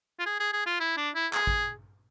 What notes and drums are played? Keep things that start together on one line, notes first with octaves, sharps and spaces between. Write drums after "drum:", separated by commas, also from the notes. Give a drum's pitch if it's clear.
F4
G#4
G#4
G#4
F4
E4
D4
E4
G#4, drum: clap
drum: kick A1